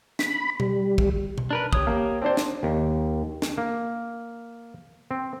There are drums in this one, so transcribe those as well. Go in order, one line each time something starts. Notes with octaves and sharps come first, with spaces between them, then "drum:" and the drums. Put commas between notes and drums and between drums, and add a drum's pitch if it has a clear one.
B5, drum: snare
G3, drum: tom B2
drum: kick
drum: tom B2
D4 A#4 B4
G4 C#5 D#6, drum: kick
A#3
C4 D4 C5
drum: snare
D#2
drum: snare
A#3
C4